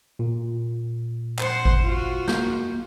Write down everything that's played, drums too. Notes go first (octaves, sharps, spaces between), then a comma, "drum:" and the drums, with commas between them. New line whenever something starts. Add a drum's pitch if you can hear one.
A#2
C5 F#5, drum: clap
drum: kick G#1
F4 F#4
A#3 G6, drum: snare